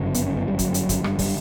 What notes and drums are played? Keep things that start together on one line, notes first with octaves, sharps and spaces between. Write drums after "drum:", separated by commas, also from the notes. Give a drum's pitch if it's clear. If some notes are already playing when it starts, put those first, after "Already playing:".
Already playing: G1 F#2 C#3
B3, drum: hi-hat
C#4
B3
G3
F#3, drum: kick, hi-hat
drum: hi-hat
drum: kick, hi-hat
G3, drum: rim click
G3, drum: kick, open hi-hat